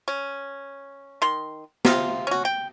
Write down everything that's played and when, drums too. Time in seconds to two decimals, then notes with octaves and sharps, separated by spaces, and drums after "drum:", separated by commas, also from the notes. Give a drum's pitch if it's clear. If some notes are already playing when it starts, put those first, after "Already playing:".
0.08 C#4
1.22 D#3 C6
1.85 C3 F4, drum: snare
2.27 C#4 F#4
2.45 G5